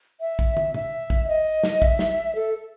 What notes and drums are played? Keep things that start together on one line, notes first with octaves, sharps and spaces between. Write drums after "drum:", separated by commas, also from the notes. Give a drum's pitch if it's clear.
E5
drum: kick
drum: tom
E5, drum: tom
drum: kick
D#5
drum: snare
E5, drum: kick
drum: snare
A4